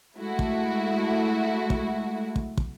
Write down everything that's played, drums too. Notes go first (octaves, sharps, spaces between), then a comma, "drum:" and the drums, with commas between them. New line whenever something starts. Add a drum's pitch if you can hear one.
G#3 A3 E4 F#4
drum: kick
drum: kick
drum: kick
drum: kick